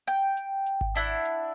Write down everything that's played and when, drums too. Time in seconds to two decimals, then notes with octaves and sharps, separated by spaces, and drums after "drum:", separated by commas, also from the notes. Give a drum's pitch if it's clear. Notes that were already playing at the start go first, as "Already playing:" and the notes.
0.08 G5
0.37 drum: hi-hat
0.66 drum: hi-hat
0.81 drum: kick G#1
0.95 D4 E4 F#5, drum: hi-hat
1.25 drum: hi-hat